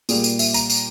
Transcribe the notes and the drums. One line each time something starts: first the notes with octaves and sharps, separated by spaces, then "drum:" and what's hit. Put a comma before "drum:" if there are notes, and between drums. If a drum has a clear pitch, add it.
A#2 G3 A#3 G#4, drum: tambourine
drum: tambourine
E5, drum: tambourine
A#5, drum: tambourine
drum: tambourine